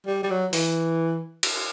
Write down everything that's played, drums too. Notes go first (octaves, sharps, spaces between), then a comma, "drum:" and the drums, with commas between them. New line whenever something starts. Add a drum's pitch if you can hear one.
G3
G3
F#3
E3, drum: open hi-hat
drum: cymbal